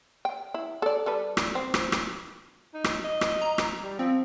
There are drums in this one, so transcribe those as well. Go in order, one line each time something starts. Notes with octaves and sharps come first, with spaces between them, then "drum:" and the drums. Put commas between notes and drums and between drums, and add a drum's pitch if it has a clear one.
G5
E4
A4 D5
G3 A4 B4
drum: rim click
C4
drum: rim click
drum: rim click
D#4
drum: rim click
D#5
drum: rim click
A#5
drum: rim click
G3
F3 C4